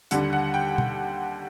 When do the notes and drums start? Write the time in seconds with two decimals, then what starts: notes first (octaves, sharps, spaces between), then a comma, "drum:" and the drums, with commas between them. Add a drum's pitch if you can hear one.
0.11 D#2 D3 G3 F#5, drum: hi-hat
0.33 F#5
0.54 G5
0.78 drum: tom B2